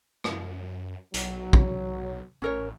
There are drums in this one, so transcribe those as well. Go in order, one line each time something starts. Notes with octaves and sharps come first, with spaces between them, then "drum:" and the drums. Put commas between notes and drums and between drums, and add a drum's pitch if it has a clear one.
F#2, drum: rim click
B1 F#3, drum: hi-hat
drum: kick
A1 C#4 A#4 C#5